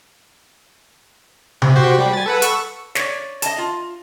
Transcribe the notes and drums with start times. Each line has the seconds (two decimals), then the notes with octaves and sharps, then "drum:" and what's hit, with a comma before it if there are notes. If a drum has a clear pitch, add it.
1.62 C3, drum: tom C3
1.76 F#4 G4 C5
1.98 G3 G4
2.13 G#5 A6
2.26 A4 B4 F#5
2.42 C#6 E6, drum: hi-hat
2.95 C#5 D5, drum: snare
3.42 D#5 A5, drum: hi-hat
3.58 F4